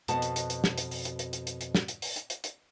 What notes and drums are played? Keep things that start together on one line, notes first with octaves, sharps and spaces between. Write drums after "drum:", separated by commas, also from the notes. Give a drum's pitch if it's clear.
F2 B2 F#4 B4 F#5 A5, drum: hi-hat
drum: hi-hat
drum: hi-hat
drum: hi-hat
drum: snare
drum: hi-hat
drum: open hi-hat
drum: hi-hat
drum: hi-hat
drum: hi-hat
drum: hi-hat
drum: hi-hat
drum: snare
drum: hi-hat
drum: open hi-hat
drum: hi-hat
drum: hi-hat
drum: hi-hat